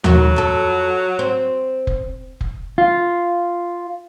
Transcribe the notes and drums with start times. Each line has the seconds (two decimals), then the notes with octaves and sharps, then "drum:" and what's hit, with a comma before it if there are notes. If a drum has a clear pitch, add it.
0.04 F2 D#3 F#3 F#4, drum: tom D#2
0.36 F2 A4
1.19 C4
1.87 drum: kick F1
2.41 drum: kick F1
2.78 F4